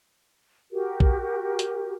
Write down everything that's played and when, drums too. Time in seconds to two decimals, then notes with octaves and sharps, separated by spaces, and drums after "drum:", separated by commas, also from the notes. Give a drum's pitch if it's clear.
0.71 F#4 G4 A#4
1.00 drum: kick B1
1.59 drum: hi-hat